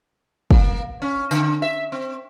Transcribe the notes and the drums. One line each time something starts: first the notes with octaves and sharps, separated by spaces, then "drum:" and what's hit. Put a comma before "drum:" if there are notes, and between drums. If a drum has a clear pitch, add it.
A#3, drum: kick
C#4
D3, drum: tambourine
E5
C4